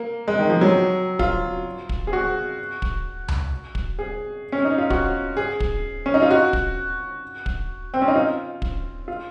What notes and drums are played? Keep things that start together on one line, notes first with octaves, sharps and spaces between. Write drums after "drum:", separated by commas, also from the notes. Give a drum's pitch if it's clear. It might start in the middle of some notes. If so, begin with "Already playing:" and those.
Already playing: A#3
G#3
D#3
F3
F#3
F4, drum: kick
drum: kick
G#4
F#4
drum: kick
drum: tom C#2
drum: kick
G#4
C#4
D#4
F4
F#4, drum: kick
G#4
drum: kick
C#4
D#4
F4
F#4
drum: kick
drum: kick
C4
C#4
D#4
F4
drum: kick
F4